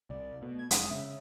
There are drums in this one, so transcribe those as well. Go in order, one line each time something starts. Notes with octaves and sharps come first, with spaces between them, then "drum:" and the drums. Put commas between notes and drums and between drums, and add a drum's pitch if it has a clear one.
C2 D5
B2 A3
G#6
F1 G#3 D#6, drum: hi-hat
C#3 E5